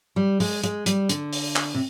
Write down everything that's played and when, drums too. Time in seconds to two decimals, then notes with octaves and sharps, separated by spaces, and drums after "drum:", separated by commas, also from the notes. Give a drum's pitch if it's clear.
0.16 G3
0.40 G#3, drum: open hi-hat
0.64 G#3, drum: hi-hat
0.86 G3, drum: hi-hat
1.09 D3, drum: hi-hat
1.33 drum: open hi-hat
1.56 drum: clap
1.74 C3